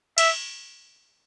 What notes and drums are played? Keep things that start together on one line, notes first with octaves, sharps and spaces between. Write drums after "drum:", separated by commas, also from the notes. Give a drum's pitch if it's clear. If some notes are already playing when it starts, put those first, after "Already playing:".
E5, drum: cymbal